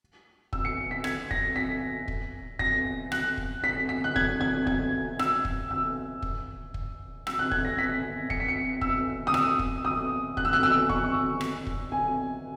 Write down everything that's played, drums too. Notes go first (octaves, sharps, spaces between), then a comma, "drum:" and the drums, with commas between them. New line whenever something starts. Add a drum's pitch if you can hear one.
E6, drum: kick
C#7
B6
G#6, drum: rim click
A#6, drum: kick
B6
drum: kick
A#6, drum: kick
F#6, drum: rim click
drum: kick
B6
B6
F#6
G#6, drum: kick
G#6
G#6, drum: kick
E6, drum: rim click
drum: kick
E6
drum: kick
drum: kick
E6, drum: rim click
F#6
G#6, drum: kick
A#6
B6
C#7, drum: kick
B6
C#7
E6, drum: kick
D#6
E6, drum: rim click
drum: kick
D#6
F#6, drum: kick
E6
F#6
E6
C#6, drum: kick
drum: rim click
drum: kick
G#5